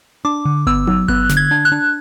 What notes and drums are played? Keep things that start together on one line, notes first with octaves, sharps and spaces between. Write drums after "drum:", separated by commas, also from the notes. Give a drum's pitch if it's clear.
D4 D6
D3
B3 E6, drum: kick G1
F#3, drum: tom D#4
B3 F#6, drum: kick G1
D3, drum: snare
G#6
D4
F#6
D4